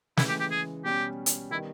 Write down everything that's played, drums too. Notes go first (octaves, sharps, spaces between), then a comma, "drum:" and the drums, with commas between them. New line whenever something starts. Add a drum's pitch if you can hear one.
C#3 E3 G#3 E4, drum: snare
G4
G4
G#4
B2 G3 C#4 G4
drum: hi-hat
D#3 G3 B3 D#4 E4